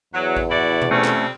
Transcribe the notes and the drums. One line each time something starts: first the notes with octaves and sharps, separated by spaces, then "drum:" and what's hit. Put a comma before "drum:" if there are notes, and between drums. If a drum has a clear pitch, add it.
E2 F#3
drum: kick A1
E4 F#4 D5
drum: tom B2
F2 G3 A3 C4 C#4
drum: clap